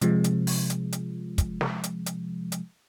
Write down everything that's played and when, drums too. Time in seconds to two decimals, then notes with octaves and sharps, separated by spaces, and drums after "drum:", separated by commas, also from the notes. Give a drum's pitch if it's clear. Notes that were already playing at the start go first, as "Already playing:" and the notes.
0.01 C3 F3 G#3, drum: hi-hat
0.24 drum: hi-hat
0.47 drum: open hi-hat
0.70 drum: hi-hat
0.92 drum: hi-hat
1.38 drum: kick, hi-hat
1.61 drum: snare
1.84 drum: hi-hat
2.06 drum: hi-hat
2.52 drum: hi-hat